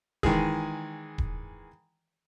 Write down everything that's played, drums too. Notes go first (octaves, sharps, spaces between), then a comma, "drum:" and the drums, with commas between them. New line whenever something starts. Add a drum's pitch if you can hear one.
D#3 E3 G#3 G#4, drum: kick D#1
drum: kick D#1